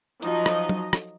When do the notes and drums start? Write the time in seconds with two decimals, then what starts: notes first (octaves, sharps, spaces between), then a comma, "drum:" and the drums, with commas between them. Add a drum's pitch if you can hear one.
0.22 F3 F#3 D#4 D#5, drum: hi-hat
0.46 drum: rim click
0.69 drum: tom
0.93 drum: rim click